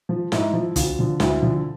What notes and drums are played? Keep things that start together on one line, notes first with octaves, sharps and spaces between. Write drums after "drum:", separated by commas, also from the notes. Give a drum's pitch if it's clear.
F3
G#2 E4, drum: snare
F3
D2 F4, drum: kick, hi-hat
D3 F3
D2 E4, drum: snare
D3 F3